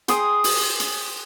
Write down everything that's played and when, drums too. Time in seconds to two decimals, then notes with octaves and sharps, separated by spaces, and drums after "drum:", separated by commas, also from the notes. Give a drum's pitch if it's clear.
0.08 G#4 G5 C6 D#6, drum: hi-hat
0.44 drum: open hi-hat
0.80 drum: hi-hat